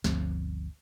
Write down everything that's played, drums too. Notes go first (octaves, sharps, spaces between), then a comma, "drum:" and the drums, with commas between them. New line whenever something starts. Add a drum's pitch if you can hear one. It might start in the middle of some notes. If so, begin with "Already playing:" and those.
G1 D2 F3 C4, drum: snare